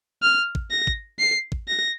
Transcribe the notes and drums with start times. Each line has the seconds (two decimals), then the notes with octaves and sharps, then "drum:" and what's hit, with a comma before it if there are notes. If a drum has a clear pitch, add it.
0.23 F6
0.55 drum: kick
0.71 A#6
0.87 drum: kick
1.20 C7
1.52 drum: kick
1.68 A#6